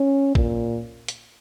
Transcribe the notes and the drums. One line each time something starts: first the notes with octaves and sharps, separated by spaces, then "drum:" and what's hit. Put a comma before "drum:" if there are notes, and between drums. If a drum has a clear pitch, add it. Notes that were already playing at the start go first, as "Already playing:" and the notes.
Already playing: C#4
A#2, drum: kick A#1
drum: hi-hat